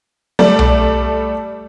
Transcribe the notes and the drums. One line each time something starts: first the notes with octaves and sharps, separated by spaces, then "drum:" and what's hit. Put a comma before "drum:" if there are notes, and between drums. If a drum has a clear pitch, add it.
G3 A3 D5
drum: tom B1